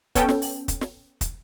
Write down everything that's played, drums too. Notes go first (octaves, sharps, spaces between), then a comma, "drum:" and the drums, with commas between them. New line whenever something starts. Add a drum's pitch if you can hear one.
B3 C#4 A4 G5, drum: kick, hi-hat
drum: snare
drum: open hi-hat
drum: kick, hi-hat
drum: snare
drum: kick, hi-hat